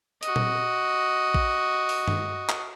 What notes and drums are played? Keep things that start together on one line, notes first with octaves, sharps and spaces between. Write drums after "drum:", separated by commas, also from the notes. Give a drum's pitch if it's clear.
F#4 D#5, drum: hi-hat
drum: tom A#2
drum: kick A#1
drum: open hi-hat
drum: tom
drum: clap